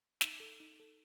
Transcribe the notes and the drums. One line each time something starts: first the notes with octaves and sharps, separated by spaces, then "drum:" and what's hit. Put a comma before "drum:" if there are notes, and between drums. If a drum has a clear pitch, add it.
D#4 E6, drum: snare
A4
D#4
A4